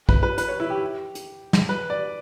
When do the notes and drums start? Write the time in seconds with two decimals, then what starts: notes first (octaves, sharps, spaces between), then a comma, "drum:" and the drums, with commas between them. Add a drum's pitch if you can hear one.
0.09 B4, drum: kick
0.23 B4
0.38 B4, drum: hi-hat
0.49 C#5
0.60 E4
0.70 G4
1.15 drum: hi-hat
1.53 drum: snare
1.69 B4
1.90 D5